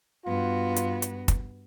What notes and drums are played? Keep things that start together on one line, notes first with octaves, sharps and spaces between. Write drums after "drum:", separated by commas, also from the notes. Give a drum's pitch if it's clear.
G2 B3 F4 F#4
drum: hi-hat
drum: hi-hat
drum: kick, hi-hat